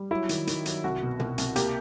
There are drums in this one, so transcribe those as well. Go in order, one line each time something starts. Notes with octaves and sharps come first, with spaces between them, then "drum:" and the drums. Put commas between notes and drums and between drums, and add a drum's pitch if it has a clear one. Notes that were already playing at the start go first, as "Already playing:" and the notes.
Already playing: G3
F#3 E4
D#3, drum: hi-hat
D#3, drum: hi-hat
F#3, drum: hi-hat
C2 F#4
B2
C2, drum: tom
C2, drum: hi-hat
A#3 G4, drum: hi-hat